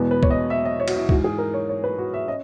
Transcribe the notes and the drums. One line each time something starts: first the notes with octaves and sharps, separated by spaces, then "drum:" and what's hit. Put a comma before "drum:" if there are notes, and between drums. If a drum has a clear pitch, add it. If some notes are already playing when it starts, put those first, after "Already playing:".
Already playing: E2 B2 G#3 B3
B4
C#5, drum: kick
D#5
E5
D#5
C#5
F#4, drum: cymbal
E4
G#2 E3 G#3 F#4, drum: kick
G#4
A#4
C#5
C#5
B4
F#4
E5
C#4 D#5